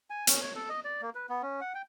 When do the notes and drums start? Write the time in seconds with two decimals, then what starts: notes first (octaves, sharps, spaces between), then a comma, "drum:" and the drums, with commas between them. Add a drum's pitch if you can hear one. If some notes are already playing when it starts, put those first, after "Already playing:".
0.10 G#5
0.27 C#4, drum: hi-hat
0.42 C#5
0.56 A4
0.69 D#5
0.84 D5
1.02 A#3
1.15 B4
1.29 B3
1.42 C#4
1.61 F#5
1.75 G5